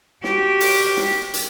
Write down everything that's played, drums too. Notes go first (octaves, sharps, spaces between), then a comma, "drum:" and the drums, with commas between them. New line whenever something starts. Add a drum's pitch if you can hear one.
F#4 G4, drum: snare
drum: open hi-hat
drum: snare
drum: hi-hat